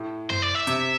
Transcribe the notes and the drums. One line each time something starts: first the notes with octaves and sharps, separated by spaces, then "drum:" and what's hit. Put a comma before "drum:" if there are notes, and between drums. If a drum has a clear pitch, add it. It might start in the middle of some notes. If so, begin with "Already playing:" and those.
Already playing: A2
C5, drum: tom F#2
D5
E5
C3, drum: hi-hat